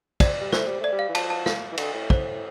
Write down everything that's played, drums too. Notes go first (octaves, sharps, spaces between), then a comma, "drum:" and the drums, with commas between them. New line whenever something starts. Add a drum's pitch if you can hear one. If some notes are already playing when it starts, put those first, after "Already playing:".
C4 D5, drum: kick, cymbal
G3
A3 C5, drum: snare
G3
A3 D5
G3
F5
E3
F3 A5, drum: cymbal
A5
F5, drum: snare
E3
D3, drum: cymbal
A2
C5, drum: kick